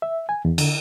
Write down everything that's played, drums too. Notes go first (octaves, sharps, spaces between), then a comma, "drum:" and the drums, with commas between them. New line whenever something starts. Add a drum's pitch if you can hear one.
E5
G#5
E2
D3, drum: cymbal